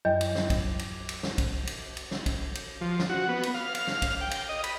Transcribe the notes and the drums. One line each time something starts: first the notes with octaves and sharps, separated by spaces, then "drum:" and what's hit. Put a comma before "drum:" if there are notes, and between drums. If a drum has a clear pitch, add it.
F#2 F#3 D#5 G5 G6
drum: cymbal
drum: snare
drum: kick B1, cymbal
drum: cymbal
drum: cymbal
drum: snare
drum: kick B1, cymbal
drum: cymbal
drum: cymbal
drum: snare
drum: kick B1, cymbal
drum: cymbal
F3
drum: snare
F#4
B3
drum: cymbal
F5
F5, drum: cymbal
drum: snare
drum: kick B1, cymbal
G5
drum: cymbal
D#5
B5, drum: cymbal